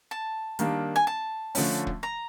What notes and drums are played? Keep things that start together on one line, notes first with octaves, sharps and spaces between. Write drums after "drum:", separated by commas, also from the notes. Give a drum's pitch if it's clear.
A5
D#3 G3 A#3 D4, drum: hi-hat
G#5
A5
D3 F3 A3 C#4, drum: open hi-hat
drum: kick
A#5